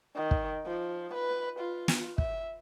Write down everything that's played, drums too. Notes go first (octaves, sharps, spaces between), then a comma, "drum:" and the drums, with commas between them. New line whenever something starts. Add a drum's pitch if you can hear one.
D#3
drum: kick
F3
B4
F4
drum: snare
E5, drum: kick